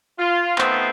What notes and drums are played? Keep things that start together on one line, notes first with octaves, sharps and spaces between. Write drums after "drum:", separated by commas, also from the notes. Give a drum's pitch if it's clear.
F4
D#3 A3 B3 C4 F4 C5, drum: clap